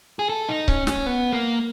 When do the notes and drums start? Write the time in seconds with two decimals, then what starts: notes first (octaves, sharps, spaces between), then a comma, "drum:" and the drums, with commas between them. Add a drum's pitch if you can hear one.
0.19 G#4
0.29 A4
0.49 D#4
0.68 C#4, drum: kick C#1
0.87 C#4, drum: snare
1.06 B3
1.33 A#3